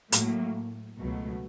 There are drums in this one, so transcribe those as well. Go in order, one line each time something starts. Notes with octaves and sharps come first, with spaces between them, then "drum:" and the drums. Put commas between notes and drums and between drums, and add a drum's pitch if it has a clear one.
A2 F#3 A#3, drum: hi-hat
C#2 B2 F#3 A3